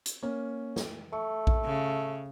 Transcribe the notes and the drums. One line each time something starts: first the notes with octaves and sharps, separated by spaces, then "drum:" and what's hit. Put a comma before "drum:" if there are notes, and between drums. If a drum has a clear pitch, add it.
drum: hi-hat
A#3 C#4
drum: snare
A3 C#6
drum: kick A#1
C#3